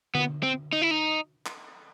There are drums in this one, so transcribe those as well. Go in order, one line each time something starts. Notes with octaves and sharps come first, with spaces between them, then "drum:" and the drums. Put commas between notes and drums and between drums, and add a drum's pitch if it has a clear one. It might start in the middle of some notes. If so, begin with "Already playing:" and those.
B3, drum: tom D3
C4
D#4
E4
D#4
drum: clap